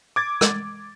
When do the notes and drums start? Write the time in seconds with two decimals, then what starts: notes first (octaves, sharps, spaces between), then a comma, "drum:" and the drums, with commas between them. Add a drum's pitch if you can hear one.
0.16 D6 G#6 A6
0.41 drum: rim click